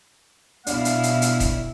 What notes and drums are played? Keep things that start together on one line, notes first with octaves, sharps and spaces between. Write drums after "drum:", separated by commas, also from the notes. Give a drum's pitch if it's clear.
B2 D4 E4 F5, drum: hi-hat
drum: hi-hat
drum: hi-hat
drum: hi-hat
drum: kick E1, hi-hat